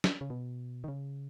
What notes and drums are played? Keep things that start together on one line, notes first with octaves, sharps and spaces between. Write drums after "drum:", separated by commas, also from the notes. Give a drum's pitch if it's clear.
drum: snare
C#3
B2
D#3
C#3